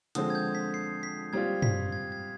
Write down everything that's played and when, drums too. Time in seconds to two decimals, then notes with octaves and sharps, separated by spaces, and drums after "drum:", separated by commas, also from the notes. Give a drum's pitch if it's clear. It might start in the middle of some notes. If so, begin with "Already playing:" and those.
0.15 D3 F3 G#3 C4 D#6, drum: hi-hat
0.30 G#6
0.35 G6
0.55 B6
0.74 C7
1.03 B6
1.33 G3 C4 F4 G#6
1.62 B6, drum: tom
1.92 G#6
2.12 G#6